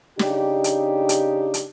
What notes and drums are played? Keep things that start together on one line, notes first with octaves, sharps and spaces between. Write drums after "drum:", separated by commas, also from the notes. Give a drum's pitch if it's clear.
C#3 D4 D#4 G4, drum: snare
drum: hi-hat
drum: hi-hat
drum: hi-hat